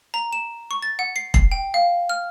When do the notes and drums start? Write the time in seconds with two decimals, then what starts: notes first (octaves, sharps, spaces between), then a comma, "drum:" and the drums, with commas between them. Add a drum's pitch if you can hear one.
0.14 A#5
0.33 E7
0.71 C#6
0.82 A6
0.99 F#5
1.16 C7
1.34 C7, drum: kick E1
1.52 G5
1.74 F5
2.09 F6